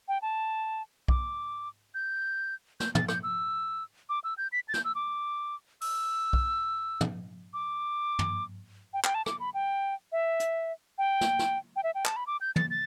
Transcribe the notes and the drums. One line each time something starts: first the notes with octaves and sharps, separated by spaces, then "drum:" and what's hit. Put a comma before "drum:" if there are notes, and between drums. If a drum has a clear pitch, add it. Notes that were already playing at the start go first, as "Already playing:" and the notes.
G5
A5
D6, drum: kick
G6
G6, drum: snare
A6, drum: tom
G6, drum: rim click
E6
D6
E6
G6
B6
A6
G6, drum: snare
E6
D6
E6, drum: open hi-hat
drum: kick
drum: tom
D6
drum: tom
G5
G5, drum: clap
A5
D6, drum: rim click
B5
G5
E5
drum: hi-hat
G5
drum: snare
drum: snare
G5
E5
G5
A5, drum: clap
B5
D6
G6
A6, drum: tom
A6